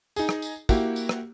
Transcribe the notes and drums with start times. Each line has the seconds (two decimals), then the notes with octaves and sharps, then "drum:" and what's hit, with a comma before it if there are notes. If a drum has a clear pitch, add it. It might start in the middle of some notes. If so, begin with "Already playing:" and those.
0.16 D#4 G#4, drum: tambourine
0.29 drum: rim click
0.42 drum: tambourine
0.69 A#3 E4 F#4 G4, drum: kick, tambourine
0.96 drum: tambourine
1.09 drum: rim click